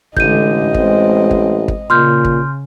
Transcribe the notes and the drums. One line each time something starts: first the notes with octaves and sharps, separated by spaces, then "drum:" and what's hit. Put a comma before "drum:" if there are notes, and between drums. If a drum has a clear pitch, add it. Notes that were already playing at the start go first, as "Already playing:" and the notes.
A1 D3 G#3 D#5 G6 D#7, drum: kick
G#3 C4, drum: kick
drum: kick
drum: kick
A#2 C#3 C6 F6 G6
drum: kick